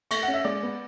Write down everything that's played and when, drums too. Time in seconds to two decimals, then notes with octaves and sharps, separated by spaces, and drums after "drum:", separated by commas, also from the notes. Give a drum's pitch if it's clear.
0.11 A3 C#6, drum: cymbal
0.23 F#5
0.28 C#4
0.34 E5
0.45 G#3 D5
0.63 B3